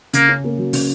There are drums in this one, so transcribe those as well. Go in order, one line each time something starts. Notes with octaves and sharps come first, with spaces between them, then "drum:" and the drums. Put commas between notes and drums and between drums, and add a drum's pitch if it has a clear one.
C#3 A#3, drum: hi-hat
C#4
A#3
F#3
C#3, drum: open hi-hat